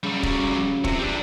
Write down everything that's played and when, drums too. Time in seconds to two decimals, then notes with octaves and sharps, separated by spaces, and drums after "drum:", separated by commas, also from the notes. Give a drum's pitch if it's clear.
0.03 C#3 F#3 G3
0.23 drum: kick
0.84 F2 C3, drum: kick
0.99 G3 D4